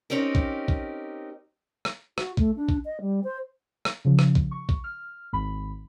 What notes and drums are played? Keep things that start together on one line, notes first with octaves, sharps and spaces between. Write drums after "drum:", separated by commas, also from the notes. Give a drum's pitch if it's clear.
C4 C#4 D#4 G4 A#4
drum: kick A#1
drum: kick A#1
drum: rim click
F#4, drum: rim click
A3, drum: kick A#1
D4
drum: kick A#1
D#5
G3
C5
drum: rim click
C#3 F3
drum: rim click
drum: kick A#1
C#6
drum: kick A#1
F6
G#1 B5